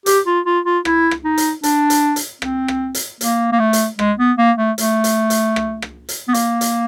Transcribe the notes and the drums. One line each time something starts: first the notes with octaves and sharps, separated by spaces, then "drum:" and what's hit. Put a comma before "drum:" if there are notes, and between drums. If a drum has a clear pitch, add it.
G4, drum: hi-hat
F4
F4
F4
E4, drum: rim click
drum: rim click
D#4
drum: hi-hat
D4, drum: hi-hat
drum: hi-hat
drum: hi-hat
C4, drum: rim click
drum: rim click
drum: hi-hat
A#3, drum: hi-hat
A#3
A3
drum: hi-hat
G#3, drum: rim click
B3
A#3
A3
A3, drum: hi-hat
drum: hi-hat
drum: hi-hat
drum: rim click
drum: rim click
drum: hi-hat
B3
A#3, drum: hi-hat
drum: hi-hat